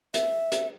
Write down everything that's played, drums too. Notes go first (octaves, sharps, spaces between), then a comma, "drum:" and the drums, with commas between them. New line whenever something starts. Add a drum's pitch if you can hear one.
E5, drum: hi-hat
drum: hi-hat